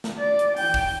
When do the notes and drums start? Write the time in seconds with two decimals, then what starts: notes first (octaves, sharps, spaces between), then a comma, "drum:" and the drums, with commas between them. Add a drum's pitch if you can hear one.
0.04 drum: snare
0.18 D5
0.39 drum: hi-hat
0.57 G5, drum: open hi-hat
0.74 drum: kick, open hi-hat